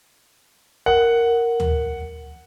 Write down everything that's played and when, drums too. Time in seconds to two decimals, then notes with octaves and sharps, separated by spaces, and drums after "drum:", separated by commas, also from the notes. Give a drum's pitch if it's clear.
0.86 A#4 F#5
1.60 drum: tom D2